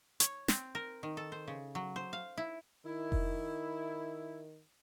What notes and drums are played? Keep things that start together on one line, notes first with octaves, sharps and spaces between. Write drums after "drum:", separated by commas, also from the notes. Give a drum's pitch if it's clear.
C#5, drum: hi-hat
C4, drum: snare
A#4
D#3
A4
C5
C#3
F#3
C5
F5
E4
D#3 E4
drum: kick F1